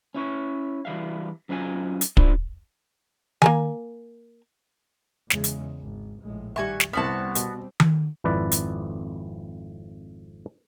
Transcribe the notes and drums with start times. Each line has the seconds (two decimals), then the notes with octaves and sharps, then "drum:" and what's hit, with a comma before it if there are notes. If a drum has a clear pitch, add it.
0.15 C#4 E4 C#5
0.85 E3 G3 E5 F5
1.49 F#2 C4 D#4 F4 G#4 G#5
2.01 drum: hi-hat
2.17 D4 E4 F4 C5 D5, drum: kick
3.42 A#3 A#4 G#5, drum: tom D#3
5.30 E2 C#3 G#3, drum: snare
5.44 drum: hi-hat
5.79 G#1
6.22 A#1 A2 G#3
6.56 D#3 G3 F#4 E5 G#5 C#6
6.80 drum: snare
6.93 C2 G3 B3 C4 F#4 A5 F6
7.35 B2, drum: hi-hat
7.80 drum: tom D#3
8.24 G#1 F2 E4 B4 D5
8.52 drum: hi-hat